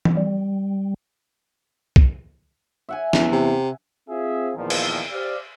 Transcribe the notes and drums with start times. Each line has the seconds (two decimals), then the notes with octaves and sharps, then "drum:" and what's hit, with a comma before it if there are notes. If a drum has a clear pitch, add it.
0.05 drum: tom E3
0.17 G3
1.96 drum: kick C2
2.89 E5 F#5 G#5
3.13 E2, drum: snare
3.32 C3
4.09 C4 F4 G#4 E5
4.57 E2 A#2 D#3 F3
4.70 drum: cymbal
5.11 G4 C5 D5 F5